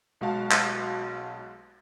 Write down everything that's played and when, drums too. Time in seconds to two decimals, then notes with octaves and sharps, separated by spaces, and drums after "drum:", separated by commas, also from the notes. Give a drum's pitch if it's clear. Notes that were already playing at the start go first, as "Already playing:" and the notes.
0.21 B1 G#3 F#4 F5 A5
0.51 drum: clap